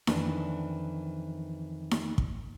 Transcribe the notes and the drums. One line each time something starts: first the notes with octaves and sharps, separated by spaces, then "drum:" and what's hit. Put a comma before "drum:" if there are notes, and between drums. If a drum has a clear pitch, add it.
F2 D#3 E3 D4, drum: snare D#4
drum: snare D#4
drum: kick